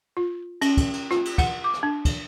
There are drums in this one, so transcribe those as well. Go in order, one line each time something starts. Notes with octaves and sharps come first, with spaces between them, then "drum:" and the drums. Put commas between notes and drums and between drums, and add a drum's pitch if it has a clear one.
F4
C#4, drum: cymbal
drum: kick, cymbal
drum: cymbal
F4, drum: rim click
drum: cymbal
F#5, drum: kick, cymbal
D6
drum: rim click
D4
drum: kick, cymbal